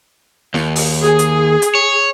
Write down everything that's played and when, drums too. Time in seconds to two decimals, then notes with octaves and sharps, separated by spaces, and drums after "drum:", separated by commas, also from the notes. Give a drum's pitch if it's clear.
0.54 D#2, drum: snare E4
0.76 drum: open hi-hat
1.03 G#4
1.19 drum: hi-hat
1.62 drum: hi-hat
1.75 C#5